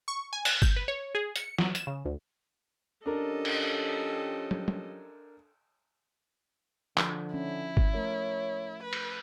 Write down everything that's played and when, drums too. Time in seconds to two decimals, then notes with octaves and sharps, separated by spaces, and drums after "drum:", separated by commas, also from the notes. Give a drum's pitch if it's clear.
0.08 C#6
0.33 G#5
0.45 F#6, drum: open hi-hat
0.62 G6, drum: kick G1
0.76 B4
0.88 C#5
1.15 G#4
1.36 C#7, drum: hi-hat
1.58 F#3, drum: snare
1.75 E7, drum: hi-hat
1.87 C#3
2.05 D2
3.06 F3 C#4 D4 G4 A4 A#4 D#5
3.45 drum: cymbal
4.51 drum: tom
4.68 drum: tom
6.97 D3 F3, drum: clap
7.34 C#4 E4
7.77 drum: kick G1
7.95 A3 A#4 C#5
8.82 B4
8.93 drum: cymbal